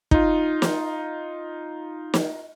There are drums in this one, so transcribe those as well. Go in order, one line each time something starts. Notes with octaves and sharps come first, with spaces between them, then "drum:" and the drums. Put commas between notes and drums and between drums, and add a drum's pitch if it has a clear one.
D#4 F4, drum: kick
drum: snare
drum: snare